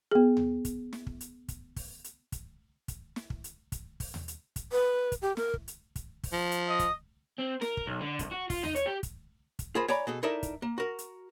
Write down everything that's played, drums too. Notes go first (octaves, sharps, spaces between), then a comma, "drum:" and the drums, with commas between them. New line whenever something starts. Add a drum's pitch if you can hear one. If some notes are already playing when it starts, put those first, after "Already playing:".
B3 G#4
drum: tom D#2
drum: kick, hi-hat
drum: snare
drum: kick
drum: hi-hat
drum: kick, hi-hat
drum: kick, open hi-hat
drum: hi-hat
drum: kick, hi-hat
drum: kick, hi-hat
drum: snare
drum: kick
drum: hi-hat
drum: kick, hi-hat
drum: kick, open hi-hat
drum: tom D#2
drum: hi-hat
drum: kick, hi-hat
B4
drum: kick, hi-hat
G4
A#4, drum: snare
drum: kick
drum: hi-hat
drum: kick, hi-hat
drum: kick, open hi-hat
F3
drum: hi-hat
D#5
drum: kick, hi-hat
C4
A#4, drum: snare
drum: kick
B1
D3
C2, drum: kick, hi-hat
F#4
F4, drum: kick, open hi-hat
D#4, drum: tom D#2
C#5, drum: hi-hat
G4
drum: kick, hi-hat
drum: kick, hi-hat
F4 G#4 A#4 C5 B5
C#5 D5 G#5 A#5 B5, drum: snare
B2 G#4 A4
D#4 E4 A4 A#4 D5 E5
drum: kick, hi-hat
A#3
F#4 A#4
drum: hi-hat